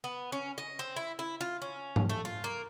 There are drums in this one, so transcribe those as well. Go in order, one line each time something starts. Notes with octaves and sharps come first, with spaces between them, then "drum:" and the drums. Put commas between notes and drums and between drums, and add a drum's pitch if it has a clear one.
B3
C#4
D#5
C4
E4
E4
F4
C#4
drum: tom G#2
A3
F4
A#3